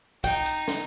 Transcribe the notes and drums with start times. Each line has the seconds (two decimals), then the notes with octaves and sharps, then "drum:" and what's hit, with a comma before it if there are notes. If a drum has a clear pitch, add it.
0.24 D#4 G5, drum: kick, cymbal
0.46 drum: cymbal
0.68 drum: snare